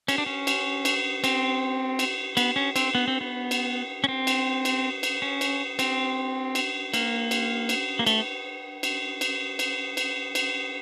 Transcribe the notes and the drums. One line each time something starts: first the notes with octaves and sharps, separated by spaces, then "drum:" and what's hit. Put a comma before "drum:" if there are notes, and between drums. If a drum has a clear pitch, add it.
C#4, drum: cymbal
D4
C#4
drum: cymbal
drum: cymbal
C4, drum: cymbal
drum: cymbal
B3, drum: cymbal
C#4
C4, drum: cymbal
B3
C4
B3
drum: cymbal
C#4
C4
drum: cymbal
drum: cymbal
drum: cymbal
C#4
drum: cymbal
C4, drum: cymbal
drum: cymbal
A#3, drum: cymbal
drum: cymbal
drum: cymbal
A#3
A3, drum: cymbal
drum: cymbal
drum: cymbal
drum: cymbal
drum: cymbal
drum: cymbal